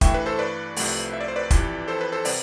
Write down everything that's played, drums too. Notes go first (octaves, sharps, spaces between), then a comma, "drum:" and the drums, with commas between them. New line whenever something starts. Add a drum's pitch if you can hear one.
G2 E3 A3 E5 G5, drum: kick, hi-hat
B4
A4 C5
B4 D5
C2 C3 F3 A3, drum: open hi-hat
E5
D5
C5
B4 D5
F2 E3 G3, drum: kick, hi-hat
A4 C5
B4
A4 C5
C3 G3 B4 D5, drum: open hi-hat